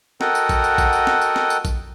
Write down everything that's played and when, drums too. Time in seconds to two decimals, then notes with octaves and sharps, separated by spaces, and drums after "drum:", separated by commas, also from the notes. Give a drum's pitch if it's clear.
0.21 F#4 A4 A#4 D#5 F#5 G5, drum: snare
0.35 drum: tambourine
0.49 drum: kick, tambourine
0.64 drum: tambourine
0.78 drum: kick, tambourine
0.93 drum: tambourine
1.07 drum: snare
1.21 drum: tambourine
1.36 drum: snare
1.50 drum: tambourine
1.65 drum: kick, tambourine